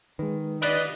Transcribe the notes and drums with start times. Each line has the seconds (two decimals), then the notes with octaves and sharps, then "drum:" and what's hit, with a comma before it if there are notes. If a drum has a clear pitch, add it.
0.19 D#3 G#3 B4
0.63 B4 D5 D#5 F#6, drum: cymbal